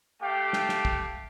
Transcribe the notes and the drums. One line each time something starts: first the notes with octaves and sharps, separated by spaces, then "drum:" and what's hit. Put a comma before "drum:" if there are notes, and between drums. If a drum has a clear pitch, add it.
A3 G4 F5 G5
drum: snare
drum: snare
drum: kick